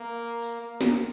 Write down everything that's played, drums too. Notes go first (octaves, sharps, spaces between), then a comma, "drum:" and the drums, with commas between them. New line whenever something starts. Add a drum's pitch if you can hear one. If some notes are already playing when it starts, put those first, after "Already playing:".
Already playing: A#3
drum: open hi-hat
A#3
drum: snare